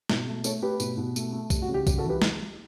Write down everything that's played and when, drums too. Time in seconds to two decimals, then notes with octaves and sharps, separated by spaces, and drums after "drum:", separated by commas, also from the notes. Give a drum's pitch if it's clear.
0.10 B2, drum: snare
0.28 A3
0.44 A3 A4 C#5, drum: tambourine
0.62 A3 G4 B4
0.80 B2, drum: tambourine
0.97 B2
1.16 A3, drum: tambourine
1.33 A3
1.50 G3, drum: kick, tambourine
1.62 F#4
1.68 C#3
1.74 G4
1.87 G3 G4, drum: kick, tambourine
1.98 F#4 A4
2.04 E3
2.09 G4 B4
2.22 drum: snare